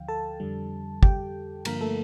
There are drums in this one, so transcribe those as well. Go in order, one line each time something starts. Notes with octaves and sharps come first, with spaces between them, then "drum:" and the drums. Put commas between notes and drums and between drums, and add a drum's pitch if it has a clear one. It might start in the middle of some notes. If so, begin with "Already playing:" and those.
Already playing: D2 D3 F3 F5 G5
A4 A5
F2 D3 G3
G4 G5, drum: kick
G2 D3 F3 A#3 A#4, drum: cymbal
A3 A4